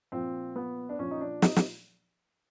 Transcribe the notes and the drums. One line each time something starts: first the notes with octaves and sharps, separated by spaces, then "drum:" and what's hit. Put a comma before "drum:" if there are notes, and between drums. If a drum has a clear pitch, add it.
A#2 F3 C4
B3
D4
A#2 F3 C#4
D#4
D4
D#4, drum: snare
drum: snare